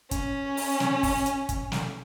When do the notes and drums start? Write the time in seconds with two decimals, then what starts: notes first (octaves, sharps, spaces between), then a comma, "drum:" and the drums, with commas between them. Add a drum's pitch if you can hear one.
0.11 C#4, drum: kick, hi-hat
0.57 drum: open hi-hat
0.80 drum: snare
1.03 drum: kick, open hi-hat
1.26 drum: hi-hat
1.49 drum: kick, hi-hat
1.72 drum: snare